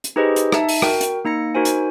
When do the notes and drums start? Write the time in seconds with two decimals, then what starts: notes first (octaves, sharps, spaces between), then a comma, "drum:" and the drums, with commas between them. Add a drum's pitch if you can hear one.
0.04 drum: hi-hat
0.16 D#4 G4 G#4 B4 C5 D#5
0.36 drum: hi-hat
0.52 D#4 E5 A5, drum: rim click
0.69 drum: open hi-hat
0.82 F#4 A#4 G5, drum: rim click
1.01 drum: hi-hat
1.25 A#3 D#4 A#6 C#7
1.55 D#4 F#4 A#4 C5 G#5
1.65 drum: hi-hat